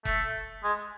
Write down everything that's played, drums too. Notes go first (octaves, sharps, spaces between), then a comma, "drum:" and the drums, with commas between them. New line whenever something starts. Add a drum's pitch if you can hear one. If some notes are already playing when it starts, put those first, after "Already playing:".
A3, drum: kick F1
G#3